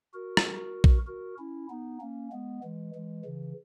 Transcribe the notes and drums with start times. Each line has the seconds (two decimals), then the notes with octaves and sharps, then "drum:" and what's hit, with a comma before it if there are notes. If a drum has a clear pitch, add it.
0.14 F#4 A#4
0.37 drum: rim click
0.84 drum: kick A#1
1.07 F#4 A#4
1.39 C#4 E4
1.70 B3 D#4
2.00 A#3 C#4
2.32 G#3 B3
2.63 E3 G#3
2.95 E3 G#3
3.25 C#3 E3